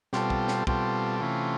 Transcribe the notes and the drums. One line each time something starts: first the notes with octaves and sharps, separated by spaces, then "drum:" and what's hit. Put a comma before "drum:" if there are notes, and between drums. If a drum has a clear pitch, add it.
B2 G3 C4 F4 A4, drum: snare
drum: kick
drum: snare
B2 G3 C4 F4 A4, drum: kick
C3 E3 A3 C#4 F4